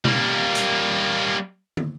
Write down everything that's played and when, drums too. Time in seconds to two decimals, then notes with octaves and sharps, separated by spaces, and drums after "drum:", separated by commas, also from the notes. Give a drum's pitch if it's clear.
0.05 G3 A#3, drum: tom B2
0.55 drum: hi-hat
1.77 drum: tom